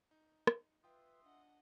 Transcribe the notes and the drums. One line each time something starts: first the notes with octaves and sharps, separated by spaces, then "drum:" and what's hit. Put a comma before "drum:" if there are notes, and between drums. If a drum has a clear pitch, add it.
D#4
drum: rim click
F4 B4 E5 G5 C6 D#6
D4 D#5 F#5